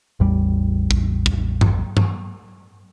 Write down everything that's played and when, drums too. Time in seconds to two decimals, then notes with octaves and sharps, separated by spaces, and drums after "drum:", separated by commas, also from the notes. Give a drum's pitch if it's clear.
0.20 A1 E2 G3
0.91 drum: kick
1.26 drum: kick
1.61 drum: tom G2
1.97 drum: tom G2